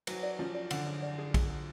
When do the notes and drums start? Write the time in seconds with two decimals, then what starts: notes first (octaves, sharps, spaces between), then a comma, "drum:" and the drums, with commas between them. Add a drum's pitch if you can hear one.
0.07 F#3 B4, drum: cymbal
0.23 D5
0.39 F3 C#4
0.55 D5
0.71 D3 C#4, drum: cymbal
0.87 G#4
1.02 D5
1.18 G#4
1.34 G#4, drum: kick, cymbal
1.50 G#4